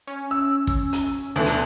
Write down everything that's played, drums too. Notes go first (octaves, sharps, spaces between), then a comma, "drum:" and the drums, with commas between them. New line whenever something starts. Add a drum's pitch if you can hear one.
C#4
E6
drum: kick
drum: hi-hat
D2 B2 D3 D4
drum: hi-hat